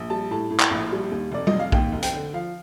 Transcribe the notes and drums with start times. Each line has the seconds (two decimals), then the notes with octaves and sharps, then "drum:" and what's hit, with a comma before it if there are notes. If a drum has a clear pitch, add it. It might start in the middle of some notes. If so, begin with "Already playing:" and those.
Already playing: A#1
0.10 G3 A5
0.31 A2 A5
0.51 A2
0.60 drum: clap
0.71 A#1
0.92 G3
1.11 D#2
1.32 F1 D5
1.47 D#5, drum: tom G3
1.53 F1
1.59 F5
1.72 D#2 G5, drum: kick
1.92 F1
2.02 G5, drum: hi-hat
2.13 D3
2.33 F3 F5